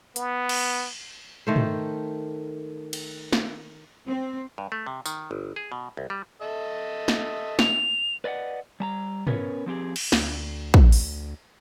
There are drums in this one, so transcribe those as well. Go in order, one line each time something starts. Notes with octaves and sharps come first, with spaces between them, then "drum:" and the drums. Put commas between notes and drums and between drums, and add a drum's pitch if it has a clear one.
B3, drum: hi-hat
drum: cymbal
D#3 A3 C5
drum: tom
drum: cymbal
drum: snare
C4
G2
A3
C3
D#3, drum: tambourine
G1
G#4
B2
C2
G3
A4 D#5 E5
drum: snare
F7, drum: snare
B4 D5 D#5 F5 F#5
G3 A5 A#5
B3 C#4 A#4 B4 C#5, drum: tom
F3 C4 G4 G#4
drum: cymbal
D2, drum: snare
drum: kick
drum: open hi-hat